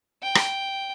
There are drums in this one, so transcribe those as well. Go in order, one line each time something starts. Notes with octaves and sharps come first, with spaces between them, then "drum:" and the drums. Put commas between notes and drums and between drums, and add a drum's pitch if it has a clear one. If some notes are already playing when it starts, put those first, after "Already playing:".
G5
drum: rim click